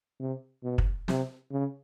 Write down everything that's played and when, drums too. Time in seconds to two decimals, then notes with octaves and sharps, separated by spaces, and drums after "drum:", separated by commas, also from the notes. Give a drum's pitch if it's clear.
0.19 C3
0.63 B2
0.78 drum: kick
1.08 C3, drum: snare
1.51 C#3